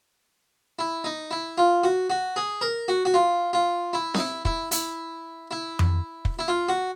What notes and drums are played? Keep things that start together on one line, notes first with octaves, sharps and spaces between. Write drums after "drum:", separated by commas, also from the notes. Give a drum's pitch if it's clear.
E4
D#4
E4
F4
F#4
F#4
G#4
A#4
F#4
F#4
F4
F4
E4
D#4, drum: snare C4
E4
E4, drum: kick
E4, drum: hi-hat
E4
drum: tom F2
drum: kick
E4
F4
F#4